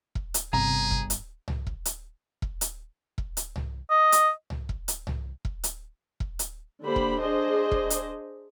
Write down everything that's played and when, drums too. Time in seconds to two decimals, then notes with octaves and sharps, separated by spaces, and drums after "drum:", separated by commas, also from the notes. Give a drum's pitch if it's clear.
0.15 drum: kick E1
0.34 drum: hi-hat
0.53 G1 C3 G#4 A#5
0.91 drum: kick E1
1.10 drum: hi-hat
1.48 drum: tom C2
1.67 drum: kick E1
1.85 drum: hi-hat
2.42 drum: kick E1
2.61 drum: hi-hat
3.18 drum: kick E1
3.37 drum: hi-hat
3.56 drum: tom C2
3.90 D#5
4.12 drum: hi-hat
4.50 drum: tom C2
4.69 drum: kick E1
4.88 drum: hi-hat
5.07 drum: tom C2
5.45 drum: kick E1
5.64 drum: hi-hat
6.20 drum: kick E1
6.39 drum: hi-hat
6.83 D3 A#3 G4 C5 B5
6.96 drum: kick E1
7.20 D4 G#4 C5 D#5
7.71 drum: kick E1
7.90 drum: hi-hat